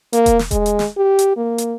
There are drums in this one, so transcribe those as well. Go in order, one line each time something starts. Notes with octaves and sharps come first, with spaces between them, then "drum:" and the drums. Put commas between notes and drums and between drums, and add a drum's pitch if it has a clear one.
A#3, drum: hi-hat
drum: kick E1, hi-hat
drum: snare
G#3, drum: kick E1, hi-hat
drum: hi-hat
drum: snare
G4
drum: hi-hat
A#3
drum: hi-hat